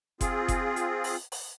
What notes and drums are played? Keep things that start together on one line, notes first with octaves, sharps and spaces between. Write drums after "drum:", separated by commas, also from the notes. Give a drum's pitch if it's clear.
C4 F4 G#4, drum: kick F#1, hi-hat
drum: kick F#1, hi-hat
drum: hi-hat
drum: open hi-hat
drum: open hi-hat